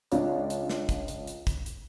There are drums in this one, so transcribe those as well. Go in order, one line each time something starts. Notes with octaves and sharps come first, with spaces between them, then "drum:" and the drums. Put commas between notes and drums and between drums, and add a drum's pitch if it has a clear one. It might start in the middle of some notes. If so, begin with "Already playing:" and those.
C#2 D4 F4 C#5 D5, drum: hi-hat
drum: hi-hat
drum: snare
drum: kick, hi-hat
drum: hi-hat
drum: hi-hat
drum: kick, hi-hat
drum: hi-hat